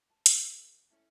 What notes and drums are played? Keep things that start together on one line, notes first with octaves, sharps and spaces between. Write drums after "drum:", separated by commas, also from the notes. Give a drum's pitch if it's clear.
A5
C#4 F#4 A#4 F5, drum: hi-hat
C#4 E4 A4